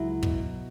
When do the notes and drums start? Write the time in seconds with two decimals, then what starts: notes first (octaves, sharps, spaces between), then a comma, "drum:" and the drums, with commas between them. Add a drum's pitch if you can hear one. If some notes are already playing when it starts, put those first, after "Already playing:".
Already playing: C#2 F#3 E4
0.23 B2, drum: kick